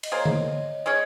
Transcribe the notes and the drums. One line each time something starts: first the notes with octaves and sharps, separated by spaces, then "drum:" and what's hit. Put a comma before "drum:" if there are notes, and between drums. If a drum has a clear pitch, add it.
D#5, drum: cymbal
A#3 F4 G#4 C5 C#5
drum: tom D3
G#3 C#4 G#4 C#5 D#5